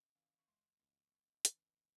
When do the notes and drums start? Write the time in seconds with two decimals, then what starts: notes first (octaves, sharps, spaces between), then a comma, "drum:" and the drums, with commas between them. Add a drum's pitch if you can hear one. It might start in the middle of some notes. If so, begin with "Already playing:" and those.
Already playing: C#3 E5
0.15 E3 F5
0.39 C#6
0.48 C#2 C6
0.79 C#2
1.12 C#3
1.45 E3, drum: hi-hat